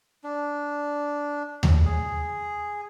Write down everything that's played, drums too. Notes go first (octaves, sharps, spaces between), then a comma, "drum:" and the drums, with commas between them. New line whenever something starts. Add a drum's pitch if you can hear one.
D4
drum: tom D#2
G#4